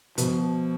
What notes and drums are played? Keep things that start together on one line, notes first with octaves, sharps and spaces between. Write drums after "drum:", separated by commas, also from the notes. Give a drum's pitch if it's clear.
B2 F3, drum: hi-hat